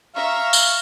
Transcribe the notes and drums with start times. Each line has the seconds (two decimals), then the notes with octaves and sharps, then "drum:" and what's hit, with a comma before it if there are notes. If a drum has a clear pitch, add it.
0.16 E5 F5 A#5 C#6
0.53 drum: tambourine